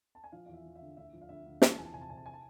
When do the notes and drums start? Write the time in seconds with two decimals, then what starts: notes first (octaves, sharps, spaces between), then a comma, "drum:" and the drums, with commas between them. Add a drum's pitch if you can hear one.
0.15 A5
0.24 G#5
0.32 F3 F5
0.46 E2 F5
0.54 E5
0.65 F3
0.75 E5
0.81 D3
0.97 D2 E5
1.13 F3
1.21 F5
1.29 D2 E5
1.46 D2
1.62 F3 G#5, drum: snare
1.69 A5
1.78 E2 G#5
1.85 A5
1.94 C3 G#5
2.01 A5
2.10 C3 G#5
2.17 A5
2.26 G#5
2.34 A5